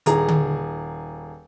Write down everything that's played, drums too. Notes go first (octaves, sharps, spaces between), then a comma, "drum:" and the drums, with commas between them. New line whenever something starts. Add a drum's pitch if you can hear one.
D#1 G#4 A#5, drum: hi-hat
drum: tom D3